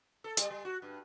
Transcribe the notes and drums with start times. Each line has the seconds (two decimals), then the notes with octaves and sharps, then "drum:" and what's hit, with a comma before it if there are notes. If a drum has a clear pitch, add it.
0.24 A4
0.37 G3, drum: hi-hat
0.50 G3
0.65 F#4
0.82 G2